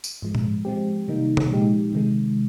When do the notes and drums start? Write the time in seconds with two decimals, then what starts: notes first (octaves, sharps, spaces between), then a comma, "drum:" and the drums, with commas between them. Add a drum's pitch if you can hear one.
0.04 drum: tambourine
0.22 G#2 F3 G#3
0.35 drum: tom A#2
0.65 F3 G#3 C4 G4
1.08 C3 D#3 G3 A#3 D#4
1.37 drum: tom C3
1.51 A#2 F3 G#3 D#4 G4
1.93 C3 D#3 G#3